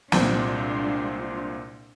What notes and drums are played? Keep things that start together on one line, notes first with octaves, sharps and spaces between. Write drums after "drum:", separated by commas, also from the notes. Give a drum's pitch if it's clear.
C2 A#2 G#3 C4 D4 F4, drum: snare